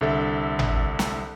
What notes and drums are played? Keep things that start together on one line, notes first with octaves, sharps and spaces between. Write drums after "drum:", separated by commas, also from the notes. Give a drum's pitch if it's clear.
C2 D3 A4 E5
drum: tom G#1
drum: snare